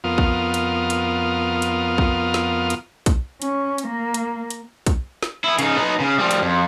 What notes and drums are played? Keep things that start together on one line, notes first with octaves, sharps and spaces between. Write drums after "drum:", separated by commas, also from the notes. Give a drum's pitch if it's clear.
F2 B3 F4 A#4 D#6 F6
drum: kick
drum: hi-hat
drum: hi-hat
drum: hi-hat
drum: kick
drum: snare
drum: hi-hat
drum: kick, hi-hat
C#4, drum: hi-hat
drum: hi-hat
A#3
drum: hi-hat
drum: hi-hat
drum: kick, hi-hat
drum: snare
B3 E4
C#3 D#4, drum: hi-hat
B3 D#4
C#3
F3 G3
drum: hi-hat
F2